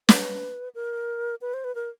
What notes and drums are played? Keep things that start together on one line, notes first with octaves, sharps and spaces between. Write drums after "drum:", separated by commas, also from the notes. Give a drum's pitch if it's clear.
B4, drum: snare
A#4
B4
C5
B4
A#4